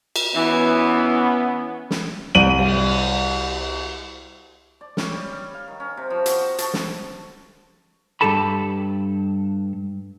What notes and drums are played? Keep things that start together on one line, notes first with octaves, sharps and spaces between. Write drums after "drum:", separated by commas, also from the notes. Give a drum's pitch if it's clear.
drum: cymbal
E3 B3 C#4
drum: snare
C2 D#7 F#7
drum: cymbal
D5
C#4, drum: snare
G3
G3
F5
D#3
C#4
C3
F3
F#4, drum: hi-hat
C#6
A5, drum: hi-hat
drum: snare
G2 A#3 G4 A4 A5 B5